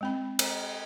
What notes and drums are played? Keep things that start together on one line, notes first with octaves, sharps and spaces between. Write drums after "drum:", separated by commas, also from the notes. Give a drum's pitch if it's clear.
G#3 C4 B5
drum: cymbal